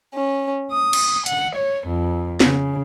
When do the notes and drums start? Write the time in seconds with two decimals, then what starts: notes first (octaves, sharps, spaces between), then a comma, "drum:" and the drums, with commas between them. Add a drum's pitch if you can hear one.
0.14 C#4
0.71 D#6
0.93 drum: cymbal
1.26 F#5, drum: hi-hat
1.55 C#5
1.86 F2
2.40 C#3, drum: snare